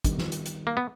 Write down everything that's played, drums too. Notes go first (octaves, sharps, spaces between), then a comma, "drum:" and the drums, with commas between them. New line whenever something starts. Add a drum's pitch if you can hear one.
D#3 G3 B3, drum: kick, hi-hat
drum: snare
drum: hi-hat
drum: hi-hat
A#3
B3